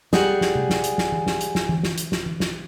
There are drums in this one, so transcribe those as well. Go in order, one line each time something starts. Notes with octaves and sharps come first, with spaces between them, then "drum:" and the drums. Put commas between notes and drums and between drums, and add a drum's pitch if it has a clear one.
G3 G#4 F#5, drum: snare
drum: snare
drum: tom C3
drum: snare
drum: hi-hat
drum: snare
drum: tom E3
drum: snare
drum: hi-hat
drum: snare
drum: tom E3
drum: snare
drum: hi-hat
drum: snare
drum: tom E3
drum: snare